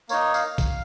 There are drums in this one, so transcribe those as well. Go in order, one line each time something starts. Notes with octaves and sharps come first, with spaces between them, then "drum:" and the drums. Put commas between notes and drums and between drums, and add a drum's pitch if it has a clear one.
A#3 D#4 C#5, drum: tambourine
F5, drum: tambourine
drum: kick A1, tambourine